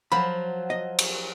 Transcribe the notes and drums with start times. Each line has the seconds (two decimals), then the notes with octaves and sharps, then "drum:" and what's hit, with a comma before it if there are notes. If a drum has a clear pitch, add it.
0.12 F3 F#3 B5
0.70 D#5
0.99 drum: cymbal